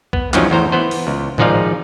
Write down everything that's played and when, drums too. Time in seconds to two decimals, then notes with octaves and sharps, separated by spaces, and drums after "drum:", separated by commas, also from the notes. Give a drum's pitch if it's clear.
0.13 B3, drum: kick
0.34 E2 G2 F3 F#3 C#4 D#4, drum: clap
0.50 E2 A2 C5 A#5
0.72 E3 B3 C5
0.91 drum: open hi-hat
1.07 C#2
1.38 G#1 G#2 F3 D#4 D5 F5, drum: tom A2